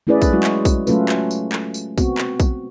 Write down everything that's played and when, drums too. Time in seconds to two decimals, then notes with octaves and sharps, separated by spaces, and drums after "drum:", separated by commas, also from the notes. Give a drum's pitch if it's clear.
0.07 A3 C#4 E4 G#4 B4 D5
0.22 drum: kick, tambourine
0.33 F#3 G#3 E4 F#4
0.43 drum: clap
0.65 drum: kick, tambourine
0.87 F#3 A3 C#4 F4 A4 B4, drum: tambourine
1.09 drum: clap
1.31 drum: tambourine
1.52 drum: clap
1.74 drum: tambourine
1.98 B3 C4 F#4, drum: kick, tambourine
2.18 drum: clap
2.40 drum: kick, tambourine